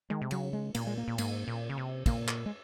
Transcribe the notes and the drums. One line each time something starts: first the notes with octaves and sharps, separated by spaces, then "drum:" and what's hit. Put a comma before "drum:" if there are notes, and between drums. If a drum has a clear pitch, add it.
D#3 G#3
C3
C#3 F#3, drum: cymbal
G#3
A#2 A#3, drum: cymbal
G#3
A#3
A#2
G#2 A#3, drum: cymbal
A#2
C#3
C3
A#2 A#3, drum: kick, cymbal
drum: clap
G#3